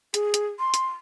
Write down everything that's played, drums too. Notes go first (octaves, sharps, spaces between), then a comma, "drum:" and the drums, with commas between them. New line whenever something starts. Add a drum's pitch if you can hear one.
G#4, drum: hi-hat
drum: hi-hat
C6
drum: hi-hat